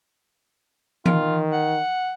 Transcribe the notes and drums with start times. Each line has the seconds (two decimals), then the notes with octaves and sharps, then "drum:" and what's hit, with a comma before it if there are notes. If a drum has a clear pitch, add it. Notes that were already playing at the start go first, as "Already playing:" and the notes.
1.06 D#3 F4, drum: tom E3
1.53 F#5